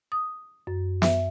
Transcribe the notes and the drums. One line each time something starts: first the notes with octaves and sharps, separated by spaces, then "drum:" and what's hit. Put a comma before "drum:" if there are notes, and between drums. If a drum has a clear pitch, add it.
D#6
F#2
E5, drum: snare